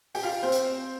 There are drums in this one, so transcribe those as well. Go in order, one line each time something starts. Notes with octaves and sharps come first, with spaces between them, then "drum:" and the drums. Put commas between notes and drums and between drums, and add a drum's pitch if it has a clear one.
G4 G5, drum: open hi-hat
F4 F5
C4 C5
drum: hi-hat